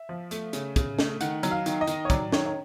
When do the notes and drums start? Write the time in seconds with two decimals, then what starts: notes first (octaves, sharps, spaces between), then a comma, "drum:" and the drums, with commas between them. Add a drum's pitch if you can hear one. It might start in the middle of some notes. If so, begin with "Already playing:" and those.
Already playing: E5
0.09 F3
0.31 A3, drum: hi-hat
0.53 C#3, drum: hi-hat
0.76 C#3, drum: kick, hi-hat
0.99 A3, drum: snare
1.21 D#3 F#5, drum: hi-hat
1.43 F#3, drum: hi-hat
1.51 F5
1.66 D#3, drum: hi-hat
1.81 D#5
1.87 D#3, drum: hi-hat
2.05 C#5
2.10 F#3 D5, drum: kick, hi-hat
2.32 D#3 C#5, drum: snare
2.46 C#5